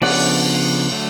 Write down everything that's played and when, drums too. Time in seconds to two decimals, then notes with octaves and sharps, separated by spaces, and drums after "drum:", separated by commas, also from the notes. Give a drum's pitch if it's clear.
0.02 C#3 F3 B3 D4 D5 F#5, drum: cymbal
0.91 D3 F#3 A3